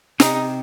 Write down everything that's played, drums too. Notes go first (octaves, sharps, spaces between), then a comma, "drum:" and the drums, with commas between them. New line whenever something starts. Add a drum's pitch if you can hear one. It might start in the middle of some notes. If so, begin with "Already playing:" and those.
C3 D#4, drum: snare